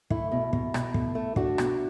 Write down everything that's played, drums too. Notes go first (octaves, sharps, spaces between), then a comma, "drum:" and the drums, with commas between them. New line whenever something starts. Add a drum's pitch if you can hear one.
A3 E4, drum: kick
B2
B2, drum: kick
B2, drum: rim click
A3, drum: kick
A3
A3 D4 F#4, drum: kick
B2, drum: rim click